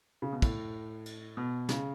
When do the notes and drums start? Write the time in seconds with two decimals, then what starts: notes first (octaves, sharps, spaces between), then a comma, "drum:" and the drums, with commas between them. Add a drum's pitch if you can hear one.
0.22 C#3
0.32 B2
0.42 A2, drum: kick, cymbal
1.06 drum: cymbal
1.37 B2
1.69 C#3, drum: snare